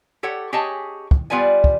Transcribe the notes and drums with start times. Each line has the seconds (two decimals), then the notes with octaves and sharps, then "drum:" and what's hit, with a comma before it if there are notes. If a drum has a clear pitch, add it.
0.23 G4 A4 C#5 F#5
0.52 C#4 G4 G#4 C#5 D#5 A5
1.11 drum: kick
1.30 G3 B3 F4 B4 D5 G#5
1.64 drum: kick